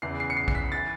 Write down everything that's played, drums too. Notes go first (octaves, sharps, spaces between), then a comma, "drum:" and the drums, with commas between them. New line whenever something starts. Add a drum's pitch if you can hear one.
E2 C#3 E3 C7
C7
C#7
C7
C7, drum: kick
B6
E3 A6